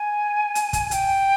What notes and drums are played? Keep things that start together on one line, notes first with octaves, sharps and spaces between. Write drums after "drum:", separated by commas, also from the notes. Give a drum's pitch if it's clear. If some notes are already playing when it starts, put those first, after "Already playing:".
Already playing: G#5
drum: hi-hat
drum: kick, hi-hat
G5, drum: hi-hat